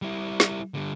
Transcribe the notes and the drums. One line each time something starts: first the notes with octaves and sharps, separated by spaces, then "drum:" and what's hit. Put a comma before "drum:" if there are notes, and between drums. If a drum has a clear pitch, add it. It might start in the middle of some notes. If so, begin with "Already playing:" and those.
G3 E4
drum: snare
D3 G3